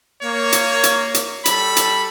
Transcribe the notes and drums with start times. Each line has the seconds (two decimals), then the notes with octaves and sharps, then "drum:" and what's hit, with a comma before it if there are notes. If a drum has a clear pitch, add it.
0.23 A#3 C#5
0.52 drum: hi-hat
0.83 drum: hi-hat
1.14 drum: hi-hat
1.45 G3 A4 B5, drum: hi-hat
1.76 drum: hi-hat